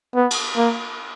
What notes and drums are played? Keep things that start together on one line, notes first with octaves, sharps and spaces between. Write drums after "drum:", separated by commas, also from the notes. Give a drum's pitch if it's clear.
B3
drum: cymbal
A#3